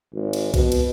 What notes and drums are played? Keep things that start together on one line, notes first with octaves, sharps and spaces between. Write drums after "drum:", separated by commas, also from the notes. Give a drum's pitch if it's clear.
G#1
drum: cymbal
B2, drum: kick B1, cymbal
drum: cymbal